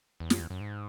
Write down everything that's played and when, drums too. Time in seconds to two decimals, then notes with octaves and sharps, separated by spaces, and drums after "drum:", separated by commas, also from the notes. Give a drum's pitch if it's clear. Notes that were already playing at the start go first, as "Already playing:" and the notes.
0.20 E2
0.30 F#2, drum: snare
0.40 E2
0.50 F#2
0.60 G#2